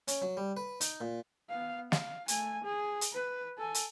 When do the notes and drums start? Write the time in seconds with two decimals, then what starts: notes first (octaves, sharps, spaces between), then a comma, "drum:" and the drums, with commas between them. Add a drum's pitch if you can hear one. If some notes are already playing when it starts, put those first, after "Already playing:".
0.08 C#4, drum: hi-hat
0.22 F#3
0.37 G3
0.57 B4
0.81 D#4, drum: hi-hat
1.01 A#2
1.50 B3 F5
1.92 F5, drum: snare
2.28 A3 G#5, drum: hi-hat
2.64 G#4
3.01 drum: hi-hat
3.13 B4
3.58 A4 G#5
3.74 drum: hi-hat